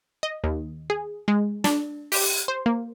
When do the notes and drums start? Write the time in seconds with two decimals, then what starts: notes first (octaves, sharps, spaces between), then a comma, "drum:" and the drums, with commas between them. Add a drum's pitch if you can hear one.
0.23 D#5
0.44 D#2
0.90 G#4
1.28 G#3
1.64 D4, drum: snare
2.12 G4, drum: open hi-hat
2.48 C5
2.66 A#3